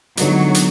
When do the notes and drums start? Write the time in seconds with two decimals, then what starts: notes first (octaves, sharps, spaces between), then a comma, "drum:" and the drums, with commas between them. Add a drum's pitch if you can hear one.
0.17 D3 F3 F#3 G#3 B3 D#4, drum: hi-hat
0.54 drum: hi-hat